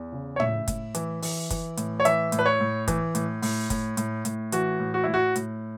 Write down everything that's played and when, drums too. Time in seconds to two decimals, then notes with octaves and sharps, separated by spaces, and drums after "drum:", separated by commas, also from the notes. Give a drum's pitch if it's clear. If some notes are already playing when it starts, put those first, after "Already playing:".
Already playing: E2
0.12 C#3
0.36 C#5
0.40 A2 E5, drum: tom A2
0.68 A2, drum: kick, hi-hat
0.95 E3, drum: hi-hat
1.22 E3, drum: open hi-hat
1.50 E3, drum: kick, hi-hat
1.77 A2, drum: hi-hat
2.00 C#5
2.05 E3 E5, drum: hi-hat
2.32 A2, drum: hi-hat
2.39 B4
2.46 C#5
2.60 A2
2.88 E3, drum: kick, hi-hat
3.15 A2, drum: hi-hat
3.42 A2, drum: open hi-hat
3.70 A2, drum: kick, hi-hat
3.97 A2, drum: hi-hat
4.25 A2, drum: hi-hat
4.52 E3 F#4, drum: hi-hat
4.80 A2
4.94 F#4
5.04 A2 E4
5.14 F#4
5.36 A2, drum: hi-hat